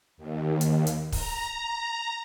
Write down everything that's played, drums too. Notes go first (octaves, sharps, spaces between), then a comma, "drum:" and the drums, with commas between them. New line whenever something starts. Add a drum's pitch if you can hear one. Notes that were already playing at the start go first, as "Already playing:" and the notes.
D#2
drum: hi-hat
drum: hi-hat
A#5, drum: kick, open hi-hat